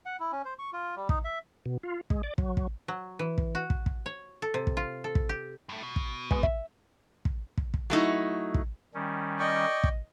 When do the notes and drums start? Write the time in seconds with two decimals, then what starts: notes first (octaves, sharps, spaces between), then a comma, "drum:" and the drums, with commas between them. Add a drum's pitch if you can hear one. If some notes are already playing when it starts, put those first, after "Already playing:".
0.06 F#5
0.20 E4
0.32 C#4
0.45 C5
0.59 C#6
0.73 F4
0.97 G3
1.09 D#4, drum: kick
1.25 E5
1.66 B2
1.83 F4
2.10 G#3, drum: kick
2.23 D5
2.38 F#3, drum: kick
2.57 drum: kick
2.88 F#3
3.19 E3
3.38 drum: kick
3.55 F#4
3.70 drum: kick
3.86 drum: kick
4.06 C#5
4.42 A4
4.54 C3
4.67 drum: kick
4.77 F4
5.04 A4
5.15 drum: kick
5.29 G4
5.69 G2 A3
5.83 B2
5.96 drum: kick
6.31 G#3 B3, drum: kick
6.43 E5, drum: kick
7.25 drum: kick
7.58 drum: kick
7.74 drum: kick
7.90 F#3 A3 D#4 E4
8.54 drum: kick
8.94 D#3 G3 C#4
9.40 D5 D#5 G5 C#6
9.84 drum: kick